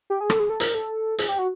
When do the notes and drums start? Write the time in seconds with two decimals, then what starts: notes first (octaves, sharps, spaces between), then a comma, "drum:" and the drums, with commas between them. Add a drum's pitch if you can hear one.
0.10 G4
0.21 G#4
0.30 A4, drum: rim click
0.40 G#4
0.50 A4
0.60 A#4, drum: hi-hat
0.75 A4
1.18 G#4, drum: hi-hat
1.29 G4
1.39 F#4